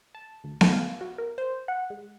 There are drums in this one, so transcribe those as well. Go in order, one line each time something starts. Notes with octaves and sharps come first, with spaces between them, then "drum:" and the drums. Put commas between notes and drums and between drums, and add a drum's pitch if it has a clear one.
A5
D2
A3, drum: snare B3
F5
F#4
A#4
C5
F#5
G#3